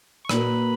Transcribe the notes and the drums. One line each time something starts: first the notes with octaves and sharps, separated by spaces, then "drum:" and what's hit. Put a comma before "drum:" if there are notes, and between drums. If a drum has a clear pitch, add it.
C#6
A#2 A#3 D#4 F#4 A#4 B4 B5, drum: rim click